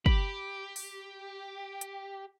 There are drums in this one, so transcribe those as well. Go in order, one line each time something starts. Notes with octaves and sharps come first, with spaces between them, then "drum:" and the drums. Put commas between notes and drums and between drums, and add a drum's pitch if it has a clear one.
G4 B5, drum: kick
drum: open hi-hat
drum: hi-hat